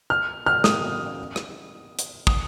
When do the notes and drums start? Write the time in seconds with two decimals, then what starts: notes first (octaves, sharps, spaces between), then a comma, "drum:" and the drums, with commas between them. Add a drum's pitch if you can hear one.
0.10 F6
0.46 F6
0.64 D#6, drum: snare
1.36 drum: rim click
1.99 drum: hi-hat
2.27 D#6, drum: kick